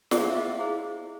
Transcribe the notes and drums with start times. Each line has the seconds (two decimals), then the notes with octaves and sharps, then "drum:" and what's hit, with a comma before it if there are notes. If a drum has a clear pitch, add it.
0.11 E4 G#4 C5 F#5, drum: snare
0.19 F5
0.28 E5
0.35 D#5 F5
0.59 E4 G#4 C5